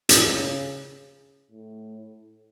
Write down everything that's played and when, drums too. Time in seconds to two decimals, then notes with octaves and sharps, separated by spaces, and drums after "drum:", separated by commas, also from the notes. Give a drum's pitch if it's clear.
0.09 drum: hi-hat
0.20 C#3
1.51 A2